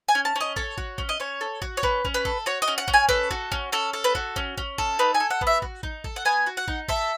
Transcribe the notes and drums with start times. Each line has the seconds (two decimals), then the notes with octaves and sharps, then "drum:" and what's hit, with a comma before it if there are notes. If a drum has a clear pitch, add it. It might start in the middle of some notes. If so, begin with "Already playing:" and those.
0.08 G#5
0.15 C#4
0.25 A5
0.36 C#4 D#5
0.56 A4 C#5, drum: kick
0.78 F#4, drum: kick
0.98 C#4, drum: kick
1.09 D#5
1.20 C#4 C#5
1.41 A4
1.62 F#4, drum: kick
1.77 C#5
1.83 C#4 B4, drum: kick
2.05 C#4, drum: kick
2.14 B4
2.25 A4, drum: kick
2.46 F#4 C#5
2.62 D#5
2.68 C#4
2.78 F#5
2.88 C#4, drum: kick
2.94 G#5
3.09 A4 B4, drum: kick
3.31 F#4, drum: kick
3.52 C#4, drum: kick
3.72 C#4 A4
3.93 A4
4.04 B4
4.15 F#4, drum: kick
4.36 C#4, drum: kick
4.57 C#4, drum: kick
4.78 A4, drum: kick
4.99 D#4 B4
5.15 G#5
5.20 A4
5.30 F#5
5.41 B3, drum: kick
5.47 E5
5.62 F#4, drum: kick
5.83 D#4, drum: kick
6.04 A4, drum: kick
6.16 F#5
6.25 B3 G#5
6.46 F#4
6.57 F#5
6.68 D#4, drum: kick
6.88 A4 E5, drum: kick